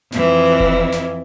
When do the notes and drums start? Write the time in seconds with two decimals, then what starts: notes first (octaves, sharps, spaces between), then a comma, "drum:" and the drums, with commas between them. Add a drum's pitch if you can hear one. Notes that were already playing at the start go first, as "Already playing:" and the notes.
0.12 F2 E3, drum: snare
0.60 drum: kick F1
0.92 drum: snare